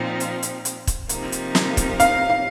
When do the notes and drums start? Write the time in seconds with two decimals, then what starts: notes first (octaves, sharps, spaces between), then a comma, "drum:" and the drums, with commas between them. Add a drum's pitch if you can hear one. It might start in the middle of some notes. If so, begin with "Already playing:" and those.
Already playing: A#2 F3 C4 D#4
0.20 drum: hi-hat
0.43 drum: hi-hat
0.65 drum: hi-hat
0.87 drum: kick, hi-hat
1.09 C3 F3 A#3 D#4, drum: hi-hat
1.32 drum: hi-hat
1.55 drum: snare
1.77 drum: kick, hi-hat
2.00 F5, drum: hi-hat
2.30 F5